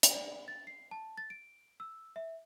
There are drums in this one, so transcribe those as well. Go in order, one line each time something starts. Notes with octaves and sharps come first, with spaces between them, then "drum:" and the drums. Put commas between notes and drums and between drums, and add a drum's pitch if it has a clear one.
drum: hi-hat
D5
A6
C7
A5
A6
D7
E6
E5